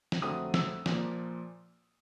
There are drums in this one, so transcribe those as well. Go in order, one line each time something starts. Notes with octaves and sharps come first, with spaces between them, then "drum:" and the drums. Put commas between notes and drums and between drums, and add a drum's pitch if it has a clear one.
drum: snare
F2 D3 F#3 A3 C4 D#6
E6, drum: snare
A#2 F3 A#3, drum: snare